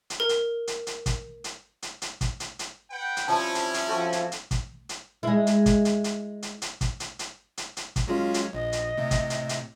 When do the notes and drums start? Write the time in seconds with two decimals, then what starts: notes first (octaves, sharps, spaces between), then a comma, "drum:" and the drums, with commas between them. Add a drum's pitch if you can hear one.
0.10 drum: hi-hat
0.20 A#4
0.29 drum: hi-hat
0.67 drum: hi-hat
0.87 drum: hi-hat
1.06 drum: kick, hi-hat
1.44 drum: hi-hat
1.82 drum: hi-hat
2.02 drum: hi-hat
2.21 drum: kick, hi-hat
2.40 drum: hi-hat
2.59 drum: hi-hat
2.90 B4 F#5 G5
3.17 drum: hi-hat
3.28 F3 G3 C4 C#4 E4 A5
3.55 drum: hi-hat
3.74 drum: hi-hat
3.88 F3 C4 F#4 A4
4.12 drum: hi-hat
4.32 drum: hi-hat
4.51 drum: kick, hi-hat
4.89 drum: hi-hat
5.23 G#3 E4
5.47 drum: hi-hat
5.66 drum: kick, hi-hat
5.85 drum: hi-hat
6.04 drum: hi-hat
6.42 drum: hi-hat
6.62 drum: hi-hat
6.81 drum: kick, hi-hat
7.00 drum: hi-hat
7.19 drum: hi-hat
7.57 drum: hi-hat
7.77 drum: hi-hat
7.96 drum: kick, hi-hat
8.08 F#3 G#3 C#4 F4
8.34 drum: hi-hat
8.53 A#1 D#5
8.72 drum: hi-hat
8.97 A2 C3
9.11 drum: kick, hi-hat
9.30 drum: hi-hat
9.49 drum: hi-hat